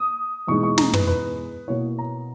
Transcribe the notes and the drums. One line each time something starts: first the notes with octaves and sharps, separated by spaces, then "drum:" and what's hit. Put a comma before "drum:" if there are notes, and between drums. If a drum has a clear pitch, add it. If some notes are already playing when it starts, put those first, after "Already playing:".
Already playing: D#6
E2 B2 G#3 D#4 C#6
C#6
A#5, drum: snare
B4, drum: tom
B4
B2 A#3 E4 C#5
A#5